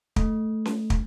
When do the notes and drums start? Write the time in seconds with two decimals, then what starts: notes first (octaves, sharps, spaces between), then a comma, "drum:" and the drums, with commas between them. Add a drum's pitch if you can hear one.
0.16 A3, drum: kick
0.65 drum: snare C#4
0.90 drum: kick